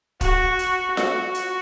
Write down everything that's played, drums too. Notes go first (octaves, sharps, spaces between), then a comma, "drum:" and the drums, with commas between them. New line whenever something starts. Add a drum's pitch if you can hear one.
F#4, drum: kick, hi-hat
drum: hi-hat
F#4, drum: snare F4
drum: hi-hat